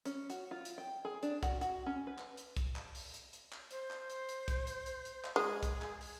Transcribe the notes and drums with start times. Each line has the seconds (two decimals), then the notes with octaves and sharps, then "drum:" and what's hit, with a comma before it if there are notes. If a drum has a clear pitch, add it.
0.05 C#4, drum: hi-hat
0.30 F#4, drum: hi-hat
0.51 F4
0.65 drum: hi-hat
0.78 G5
1.05 G#4
1.23 D4, drum: hi-hat
1.43 F#4, drum: kick, hi-hat
1.61 F#4, drum: hi-hat
1.86 C#4
2.07 B4
2.18 drum: clap
2.37 drum: hi-hat
2.57 drum: kick, hi-hat
2.76 drum: clap
2.95 drum: open hi-hat
3.14 drum: hi-hat
3.33 drum: hi-hat
3.52 drum: clap
3.71 C5, drum: hi-hat
3.90 drum: clap
4.10 drum: hi-hat
4.29 drum: hi-hat
4.48 drum: kick, hi-hat
4.67 drum: hi-hat
4.86 drum: hi-hat
5.05 drum: hi-hat
5.24 drum: clap
5.36 G#3 G#4
5.63 drum: kick, hi-hat
5.82 drum: clap
6.01 drum: open hi-hat